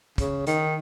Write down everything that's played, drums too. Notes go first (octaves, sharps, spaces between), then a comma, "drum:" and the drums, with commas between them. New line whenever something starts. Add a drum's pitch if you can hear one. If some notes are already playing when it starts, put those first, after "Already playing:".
C#3, drum: kick, hi-hat
D#3, drum: hi-hat